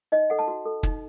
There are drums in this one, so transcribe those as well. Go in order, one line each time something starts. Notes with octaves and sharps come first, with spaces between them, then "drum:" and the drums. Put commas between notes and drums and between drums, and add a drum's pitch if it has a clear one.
D#4 D#5
A4 F#5
A5
F#4
A4
D#4, drum: kick